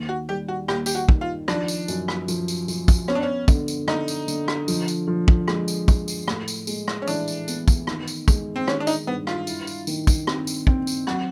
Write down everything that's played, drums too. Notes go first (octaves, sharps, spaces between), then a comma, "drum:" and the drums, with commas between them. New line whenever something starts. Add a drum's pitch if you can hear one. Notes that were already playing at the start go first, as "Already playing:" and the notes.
Already playing: D#2
F#4
G3 G4
F#4
D#2 G4, drum: rim click
G4, drum: tambourine
F#4
D#3, drum: kick
F4
F3 D4, drum: rim click
drum: tambourine
F#2, drum: tambourine
drum: rim click
F3, drum: tambourine
drum: tambourine
F3, drum: tambourine
drum: kick, tambourine
B3 C#4, drum: rim click
D4
C#4
D3, drum: kick, tambourine
drum: tambourine
D3 D#4, drum: rim click
drum: tambourine
D3, drum: tambourine
drum: rim click
F3, drum: tambourine
drum: tambourine
F3
drum: kick
G#3, drum: rim click
drum: tambourine
F3, drum: kick, tambourine
drum: tambourine
A2, drum: rim click
drum: tambourine
G#3, drum: tambourine
drum: rim click
C#4
E3 D4, drum: tambourine
drum: tambourine
B3, drum: tambourine
drum: kick, tambourine
D#3, drum: rim click
drum: tambourine
G#3, drum: kick, tambourine
C4
D#3 C#4, drum: rim click
D4
D#4, drum: tambourine
G2 B3
F4, drum: rim click
E4, drum: tambourine
drum: tambourine
D#3, drum: tambourine
drum: kick, tambourine
C4, drum: rim click
drum: tambourine
C4, drum: kick
drum: tambourine
F#3 F#4, drum: rim click